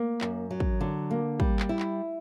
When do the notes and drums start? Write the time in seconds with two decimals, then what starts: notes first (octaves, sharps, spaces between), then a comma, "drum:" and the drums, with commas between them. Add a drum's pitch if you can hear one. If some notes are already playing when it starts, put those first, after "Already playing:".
Already playing: A#3
0.21 F#2, drum: clap
0.51 F#3
0.60 drum: kick
0.81 D3
1.11 A#3
1.40 G3, drum: kick
1.60 drum: clap
1.69 E4
1.79 drum: clap